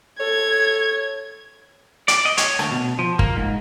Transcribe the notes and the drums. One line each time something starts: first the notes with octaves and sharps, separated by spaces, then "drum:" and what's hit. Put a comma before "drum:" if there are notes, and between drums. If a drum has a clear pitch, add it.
A4 C#5 G#6
D5, drum: hi-hat
D#5
C#5, drum: hi-hat
D2, drum: rim click
B2
F3
A#3, drum: kick G1
G#2